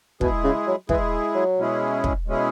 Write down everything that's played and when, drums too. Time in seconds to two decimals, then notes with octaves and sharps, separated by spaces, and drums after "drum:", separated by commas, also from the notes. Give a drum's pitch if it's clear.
0.21 B2 G#3 E4 G#4, drum: kick
0.44 C#3
0.67 F#3
0.89 E3 G#3 E4 G#4, drum: kick
1.35 F#3
1.58 B2 G#3 C#4 E4 G#4
2.04 drum: kick
2.27 B2 G#3 C#4 E4 G#4